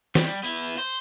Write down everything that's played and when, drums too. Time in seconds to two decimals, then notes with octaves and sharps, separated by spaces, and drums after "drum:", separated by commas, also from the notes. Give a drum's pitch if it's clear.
0.15 G3, drum: snare
0.43 B3 E4
0.78 C5